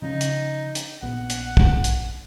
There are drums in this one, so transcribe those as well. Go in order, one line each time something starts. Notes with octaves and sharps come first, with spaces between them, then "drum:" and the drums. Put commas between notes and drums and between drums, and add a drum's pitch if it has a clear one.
C#3 F3 C#4 D#4
drum: hi-hat
drum: hi-hat
A#1 B3 F#5
drum: hi-hat
drum: kick
drum: hi-hat